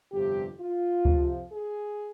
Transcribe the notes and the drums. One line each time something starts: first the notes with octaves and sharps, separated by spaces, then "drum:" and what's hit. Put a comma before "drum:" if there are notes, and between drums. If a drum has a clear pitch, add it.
G1 F2 C3 G4
F4
F2 C3 F3, drum: kick C#2
G#4